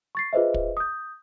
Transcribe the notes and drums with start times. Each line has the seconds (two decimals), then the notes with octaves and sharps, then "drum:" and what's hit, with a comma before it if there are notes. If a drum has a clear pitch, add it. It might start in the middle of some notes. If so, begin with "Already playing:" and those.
0.15 C#6 A6 C7
0.33 F4 G#4 B4 C5 D#5 E5
0.54 drum: kick
0.77 D#6 G6